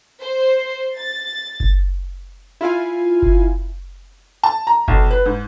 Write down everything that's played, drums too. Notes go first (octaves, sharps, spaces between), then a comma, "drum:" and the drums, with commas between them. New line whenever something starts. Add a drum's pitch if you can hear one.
C5
A6
drum: kick F#1
E4 F4 F5 G#5
drum: kick F#1
A5
A#5
B1, drum: kick F#1
B4
G#2